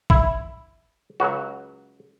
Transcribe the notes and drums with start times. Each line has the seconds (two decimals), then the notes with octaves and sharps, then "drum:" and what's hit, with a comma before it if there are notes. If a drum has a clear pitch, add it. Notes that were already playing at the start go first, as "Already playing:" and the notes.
0.10 E4, drum: kick
1.20 C#2 C#3 F#3 F#4